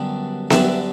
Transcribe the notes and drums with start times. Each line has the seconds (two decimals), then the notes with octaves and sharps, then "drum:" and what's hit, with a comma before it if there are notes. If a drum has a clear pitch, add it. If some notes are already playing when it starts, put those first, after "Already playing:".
Already playing: F#2 D3 G3 B3 D4
0.50 F#2 D3 G3 B3 D4 E5, drum: snare B3